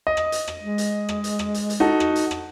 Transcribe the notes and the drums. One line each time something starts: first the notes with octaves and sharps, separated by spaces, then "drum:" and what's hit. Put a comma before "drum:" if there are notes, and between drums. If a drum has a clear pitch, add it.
D#5
drum: rim click
drum: hi-hat
drum: rim click
G#3
drum: hi-hat
drum: rim click
drum: hi-hat
drum: rim click
drum: hi-hat
drum: hi-hat
D#4 F#4 A4
drum: rim click
drum: hi-hat
drum: rim click